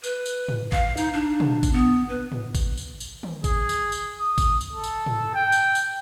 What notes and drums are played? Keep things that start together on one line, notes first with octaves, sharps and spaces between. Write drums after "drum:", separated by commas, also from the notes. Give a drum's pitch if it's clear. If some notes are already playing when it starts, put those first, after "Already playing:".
B4, drum: tambourine
drum: tambourine
drum: tom
F5, drum: kick G#1
D#4, drum: tambourine
D4
drum: tom
drum: kick G#1, tambourine
B3
B4
drum: tom
drum: kick G#1, tambourine
drum: tambourine
drum: tambourine
drum: tom
G#4, drum: kick G#1, tambourine
drum: tambourine
drum: tambourine
D#6
drum: kick G#1, tambourine
drum: tambourine
A4
drum: tambourine
drum: tom
G5
drum: tambourine
drum: tambourine